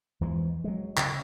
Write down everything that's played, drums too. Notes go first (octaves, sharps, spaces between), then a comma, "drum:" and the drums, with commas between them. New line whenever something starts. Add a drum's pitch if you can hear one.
E2 E3 F3 G#3
F#3 G#3
C#3, drum: clap